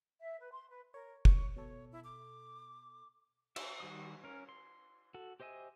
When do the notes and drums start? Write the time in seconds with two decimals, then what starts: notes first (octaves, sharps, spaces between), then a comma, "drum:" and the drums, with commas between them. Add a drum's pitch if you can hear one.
0.21 E5
0.39 B4
0.51 C6
0.71 B4
0.94 A#4 C#5
1.25 C#6, drum: kick
1.56 B2 A4 C#5
1.92 E4
2.04 D6
3.56 E5, drum: cymbal
3.80 D#3 G3 F#4 D#6
4.24 C#4 A#4
4.49 C6
5.14 F#4 A4
5.40 G4 C5 D#5 E5 G#5